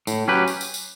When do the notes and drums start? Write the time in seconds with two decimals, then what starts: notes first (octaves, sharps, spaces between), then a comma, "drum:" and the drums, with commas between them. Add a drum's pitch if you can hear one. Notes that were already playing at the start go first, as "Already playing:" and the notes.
0.07 A2, drum: tambourine
0.28 F#3 C#4 G4 B4
0.48 drum: tambourine
0.61 drum: tambourine
0.74 drum: tambourine